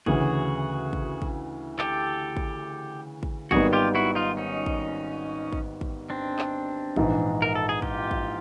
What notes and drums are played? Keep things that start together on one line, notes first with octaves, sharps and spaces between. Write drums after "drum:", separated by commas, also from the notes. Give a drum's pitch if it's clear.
D2 C#3 E3 F#4 G#4, drum: kick
drum: kick
drum: kick
G4 A4, drum: clap
drum: kick
drum: kick
G#1 G#2 D#3 G3 B3 F#4 G#4, drum: kick
F4 G4
E4 F#4
D#4 F4
C#4 D#4
drum: kick
drum: kick
drum: kick
C4 D4
drum: clap
A#1 G#2 E3, drum: kick
A#4
A4
G#4
F4 G4, drum: kick
drum: kick